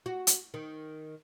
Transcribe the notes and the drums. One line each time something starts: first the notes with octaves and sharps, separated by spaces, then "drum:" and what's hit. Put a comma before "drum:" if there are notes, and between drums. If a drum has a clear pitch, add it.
F#4
drum: hi-hat
D#3